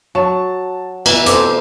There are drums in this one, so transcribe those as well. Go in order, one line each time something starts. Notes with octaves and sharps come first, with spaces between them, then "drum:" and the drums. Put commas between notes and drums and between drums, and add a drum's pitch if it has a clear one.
F#3 A5
E3 B3 E5, drum: cymbal
A4 C5 D6, drum: hi-hat